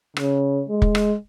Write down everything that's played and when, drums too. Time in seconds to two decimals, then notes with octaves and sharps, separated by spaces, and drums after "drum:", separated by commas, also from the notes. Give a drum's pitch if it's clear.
0.17 C#3, drum: rim click
0.69 G#3
0.82 drum: kick
0.95 drum: rim click